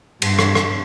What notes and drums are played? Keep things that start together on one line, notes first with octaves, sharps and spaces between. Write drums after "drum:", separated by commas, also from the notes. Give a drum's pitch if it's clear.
G2, drum: cymbal
drum: rim click
drum: rim click